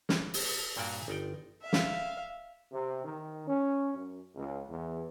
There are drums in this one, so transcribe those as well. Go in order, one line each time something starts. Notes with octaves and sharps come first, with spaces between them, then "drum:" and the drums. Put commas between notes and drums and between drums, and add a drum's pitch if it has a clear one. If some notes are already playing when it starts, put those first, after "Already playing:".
A#3, drum: snare
drum: open hi-hat
G2 A#2 A#3 F#4 D5
G1 D#4 D5 G5
E5 F5
drum: snare
C3
D#3
C#4
F#2
C#2
E2